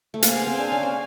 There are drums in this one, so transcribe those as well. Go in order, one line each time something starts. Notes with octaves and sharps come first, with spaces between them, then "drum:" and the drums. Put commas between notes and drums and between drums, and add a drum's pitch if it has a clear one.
A3
A#3 G#4 C5 F5 G#5, drum: hi-hat
B3
C4
D4
C#4
C4